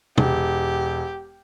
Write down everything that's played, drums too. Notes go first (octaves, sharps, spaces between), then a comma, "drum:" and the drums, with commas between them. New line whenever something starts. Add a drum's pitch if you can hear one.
E1 G4, drum: tom